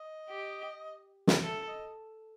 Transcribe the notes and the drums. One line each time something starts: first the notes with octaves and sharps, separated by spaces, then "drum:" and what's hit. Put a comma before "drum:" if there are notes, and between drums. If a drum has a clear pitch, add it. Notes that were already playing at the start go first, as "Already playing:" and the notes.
Already playing: D#5
G4
drum: snare
A4 E5
D#5